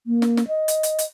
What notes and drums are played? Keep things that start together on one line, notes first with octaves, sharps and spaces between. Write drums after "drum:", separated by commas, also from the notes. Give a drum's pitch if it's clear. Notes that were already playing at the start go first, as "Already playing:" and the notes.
A#3
drum: snare
drum: snare
D#5
drum: hi-hat
drum: hi-hat
drum: hi-hat